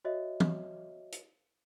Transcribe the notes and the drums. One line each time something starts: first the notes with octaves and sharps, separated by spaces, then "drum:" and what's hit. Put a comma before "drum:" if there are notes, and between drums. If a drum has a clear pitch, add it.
F#4 C#5 D#5 E5
drum: tom E3
drum: hi-hat